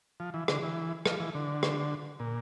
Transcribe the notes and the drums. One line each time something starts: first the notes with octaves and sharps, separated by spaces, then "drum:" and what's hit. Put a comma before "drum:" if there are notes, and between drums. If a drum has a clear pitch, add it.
F3
E3
D3, drum: rim click
E3
F3, drum: rim click
E3
D3
drum: rim click
A#2